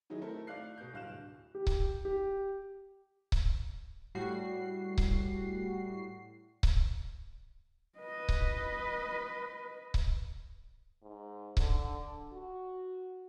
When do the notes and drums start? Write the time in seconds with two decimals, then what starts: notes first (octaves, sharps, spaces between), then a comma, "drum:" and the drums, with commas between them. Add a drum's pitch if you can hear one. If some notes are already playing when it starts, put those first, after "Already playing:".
0.10 D#3 F#3 D#4 E4 G#4
0.22 A3 C4 E4 A4 A#4
0.47 A3 D5 F5 F#6 C7
0.78 B2 G6
0.93 D1 G2 F5 F#6 E7
1.55 G4
1.67 drum: kick C#1
2.05 G4
3.32 drum: kick C#1
4.15 A2 G3 F#4 C7
4.98 drum: kick C#1
6.63 drum: kick C#1
7.99 B4 D#5
8.29 drum: kick C#1
9.94 drum: kick C#1
11.02 G#2
11.57 D3, drum: kick C#1
12.33 F#4